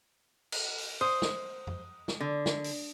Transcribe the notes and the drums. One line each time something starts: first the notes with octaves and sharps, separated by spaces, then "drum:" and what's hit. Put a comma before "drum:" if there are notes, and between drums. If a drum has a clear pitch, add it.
drum: cymbal
drum: open hi-hat
C5 D#6
drum: snare
drum: tom F2
drum: snare
D3
drum: snare
drum: open hi-hat